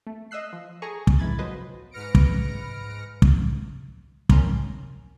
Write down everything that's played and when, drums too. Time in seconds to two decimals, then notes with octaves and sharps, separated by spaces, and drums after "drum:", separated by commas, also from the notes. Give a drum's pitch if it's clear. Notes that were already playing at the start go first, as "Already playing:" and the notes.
0.07 A3
0.31 D#5 E5 E6 F#6 C7
0.53 F3
0.82 G#4 A4 G#5 A#5 C#6
1.07 drum: kick
1.19 G#2 E3 B5 G#6 A6
1.38 F3 F#3 B3 B4 C5 D#5
1.91 G#2 B4 F6 A#6 C#7 D7
2.15 drum: kick
3.22 drum: kick
4.29 G#1 D#3 C#4 A#5 C6, drum: kick